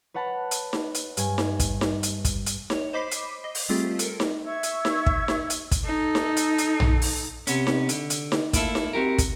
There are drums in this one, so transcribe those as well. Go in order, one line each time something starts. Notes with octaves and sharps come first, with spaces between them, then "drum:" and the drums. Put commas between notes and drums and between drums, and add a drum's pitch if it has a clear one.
B4 C#5 F#5 A5 B5
drum: hi-hat
drum: snare D#4
drum: hi-hat
G2 G#5, drum: hi-hat
drum: snare D#4
drum: kick, hi-hat
drum: snare D#4
drum: hi-hat
drum: kick, hi-hat
drum: hi-hat
C#5, drum: snare D#4
C5 D#5 B5 D6 B6 C7
drum: hi-hat
D#5
drum: open hi-hat
G3 A3 C4 F4 G4 G#4
A4 A#4, drum: hi-hat
drum: snare D#4
E5 C#6 E6 G#6
drum: hi-hat
drum: snare D#4
drum: kick
drum: snare D#4
drum: hi-hat
drum: kick, hi-hat
D#4 A4
drum: snare D#4
drum: hi-hat
drum: hi-hat
drum: tom
drum: open hi-hat
C3 B3 C#4, drum: hi-hat
drum: snare D#4
D3, drum: hi-hat
drum: hi-hat
drum: snare D#4
A3 A#3 E4 F4 A4, drum: kick, hi-hat
drum: snare D#4
C4 F#4 G4 A#4
drum: kick, hi-hat